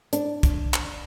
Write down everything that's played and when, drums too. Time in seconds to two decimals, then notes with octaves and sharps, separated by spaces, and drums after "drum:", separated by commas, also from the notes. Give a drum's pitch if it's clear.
0.13 D4, drum: hi-hat
0.43 drum: kick, hi-hat
0.74 drum: clap